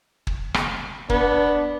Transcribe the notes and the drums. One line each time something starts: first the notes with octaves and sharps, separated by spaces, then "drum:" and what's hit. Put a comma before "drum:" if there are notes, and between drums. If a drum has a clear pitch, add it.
drum: kick
drum: rim click
B3 D4, drum: kick